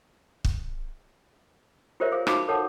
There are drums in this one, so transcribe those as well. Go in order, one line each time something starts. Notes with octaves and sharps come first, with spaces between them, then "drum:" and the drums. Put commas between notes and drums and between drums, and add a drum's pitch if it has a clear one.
drum: kick
F4 G4 A#4 C5 C#5 E5
G#4 C5 F5
D#4 F#4 F5 G#5 B5 D6, drum: rim click
A4 A#4 C#5 F#5 A5